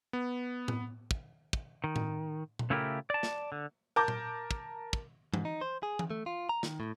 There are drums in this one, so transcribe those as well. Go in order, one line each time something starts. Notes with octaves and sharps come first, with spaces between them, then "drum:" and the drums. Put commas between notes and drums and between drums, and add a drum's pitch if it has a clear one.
B3
drum: tom A2
drum: kick
drum: kick
D#3
drum: tom A2
drum: tom A#2
C#3 A3 E4 F4 G4 A#4
D5 A5
drum: snare
D3
A#4 A5 D6 G6
drum: tom A#2
drum: kick
drum: kick
G#2, drum: tom E3
D#4
C5
G#4
drum: tom E3
A3
F4
A#5
D#3, drum: snare
A2